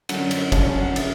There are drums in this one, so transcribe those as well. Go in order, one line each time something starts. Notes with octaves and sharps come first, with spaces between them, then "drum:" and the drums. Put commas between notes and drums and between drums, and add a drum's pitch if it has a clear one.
F#2 D3 F#3 C#4 F#5, drum: cymbal
drum: cymbal
F#2 D3 F#3 C#4 A5, drum: kick, cymbal
G#5
F#5
C#3 E5, drum: cymbal